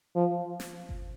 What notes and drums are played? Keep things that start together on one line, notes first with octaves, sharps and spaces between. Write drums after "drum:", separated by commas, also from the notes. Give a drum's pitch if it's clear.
F3
drum: snare
drum: kick G1